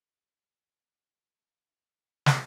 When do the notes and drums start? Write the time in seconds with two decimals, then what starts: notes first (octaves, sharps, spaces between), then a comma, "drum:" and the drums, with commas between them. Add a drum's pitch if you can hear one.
0.16 A#4
0.55 D#5 A#5 C6
1.51 B4 D5 E5 F5 G#5
1.69 D4 E5
2.26 drum: snare